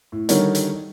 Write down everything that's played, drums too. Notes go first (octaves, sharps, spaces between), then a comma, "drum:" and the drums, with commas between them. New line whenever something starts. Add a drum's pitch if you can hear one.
A2
D3 D#3 G3 D#4 A#4 C#5, drum: hi-hat
drum: hi-hat